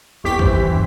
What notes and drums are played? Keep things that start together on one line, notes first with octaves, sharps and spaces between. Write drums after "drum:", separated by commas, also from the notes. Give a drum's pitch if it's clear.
E2 A3 G4 C#6 B6
F#2 E3 C5, drum: kick
A1 D#2
G1